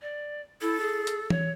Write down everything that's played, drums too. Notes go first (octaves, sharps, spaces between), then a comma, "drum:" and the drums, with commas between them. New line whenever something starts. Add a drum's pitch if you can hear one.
D5
E4 A4
G#4
drum: hi-hat
C#5, drum: tom E3